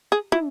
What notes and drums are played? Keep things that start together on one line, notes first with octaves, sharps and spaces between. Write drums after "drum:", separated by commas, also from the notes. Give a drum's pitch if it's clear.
G#4
E4, drum: tom